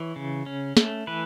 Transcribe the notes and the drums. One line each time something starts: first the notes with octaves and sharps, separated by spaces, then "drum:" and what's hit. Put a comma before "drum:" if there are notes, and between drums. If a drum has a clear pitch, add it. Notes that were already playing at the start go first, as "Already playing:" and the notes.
Already playing: E3 C#5
C#3
C#4
A3, drum: snare
E3 B4